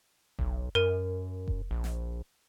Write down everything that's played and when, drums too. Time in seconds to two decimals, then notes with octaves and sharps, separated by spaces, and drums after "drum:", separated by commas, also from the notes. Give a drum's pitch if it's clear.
0.39 B1, drum: kick F1
0.75 F#2 A#4 D#7
1.48 drum: kick F1
1.71 A#1
1.84 drum: snare